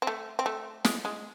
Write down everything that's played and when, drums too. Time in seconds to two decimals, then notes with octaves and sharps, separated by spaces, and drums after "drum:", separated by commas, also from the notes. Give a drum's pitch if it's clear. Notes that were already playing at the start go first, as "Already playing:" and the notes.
0.02 C4
0.07 A3
0.39 C4
0.46 A3
0.85 G#3, drum: snare
1.05 G#3